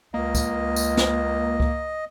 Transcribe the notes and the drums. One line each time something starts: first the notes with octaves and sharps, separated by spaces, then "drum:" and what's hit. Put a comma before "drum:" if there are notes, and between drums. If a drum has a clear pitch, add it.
C#2 A#3 D#5
drum: kick C#2, tambourine
drum: tambourine
drum: snare
drum: kick C#2